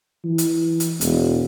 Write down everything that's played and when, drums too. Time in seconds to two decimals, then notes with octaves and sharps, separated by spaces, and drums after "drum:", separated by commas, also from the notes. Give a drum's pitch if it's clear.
0.25 E3
0.38 drum: hi-hat
0.80 drum: hi-hat
1.01 E1, drum: hi-hat